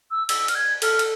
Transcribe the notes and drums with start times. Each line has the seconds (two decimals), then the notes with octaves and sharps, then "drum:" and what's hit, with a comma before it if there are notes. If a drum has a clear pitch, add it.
0.11 E6
0.29 E6, drum: cymbal
0.48 F6, drum: cymbal
0.55 G#6
0.82 A4 F6, drum: cymbal
0.99 drum: cymbal